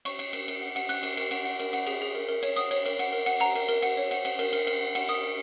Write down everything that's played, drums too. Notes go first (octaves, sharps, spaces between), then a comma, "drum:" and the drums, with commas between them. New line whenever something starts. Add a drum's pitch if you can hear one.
C#5 C#6, drum: cymbal
C#5, drum: cymbal
A#4, drum: cymbal
A#4, drum: cymbal
F#5
F#5, drum: cymbal
F#5 F#6, drum: cymbal
A#4, drum: cymbal
A#4, drum: cymbal
F#5, drum: cymbal
F#5
A#4, drum: cymbal
F#5, drum: cymbal
G#4, drum: cymbal
G#4
A#4
A#4
C#5, drum: cymbal
F#5 D#6, drum: cymbal
C#5, drum: cymbal
A#4, drum: cymbal
F#5, drum: cymbal
A#4
F#5, drum: cymbal
F#5 A#5, drum: cymbal
A#4, drum: cymbal
A#4, drum: cymbal
F#5, drum: cymbal
C#5
F#5, drum: cymbal
F#5, drum: cymbal
A#4, drum: cymbal
A#4, drum: cymbal
A#4, drum: cymbal
F#5
F#5, drum: cymbal
A#4 D#6, drum: cymbal
A#4